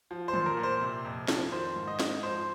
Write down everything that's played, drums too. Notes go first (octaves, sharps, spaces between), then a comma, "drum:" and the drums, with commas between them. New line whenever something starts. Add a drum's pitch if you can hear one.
F3
C5
A#2, drum: tom
A#4
A#2
C5
C3
F2
F3, drum: snare
D#3 C5
G#2
D#5
G#2, drum: snare
F3 C5